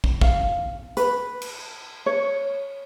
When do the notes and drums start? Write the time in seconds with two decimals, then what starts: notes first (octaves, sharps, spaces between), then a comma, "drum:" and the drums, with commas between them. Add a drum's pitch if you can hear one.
0.04 drum: kick
0.21 F5, drum: kick
0.97 B4, drum: hi-hat
1.42 drum: cymbal
2.06 C#5